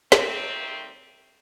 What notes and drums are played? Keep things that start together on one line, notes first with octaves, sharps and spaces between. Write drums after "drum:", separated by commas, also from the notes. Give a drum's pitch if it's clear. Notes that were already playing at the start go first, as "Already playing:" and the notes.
D#3 G3 A3 A#3 C4, drum: snare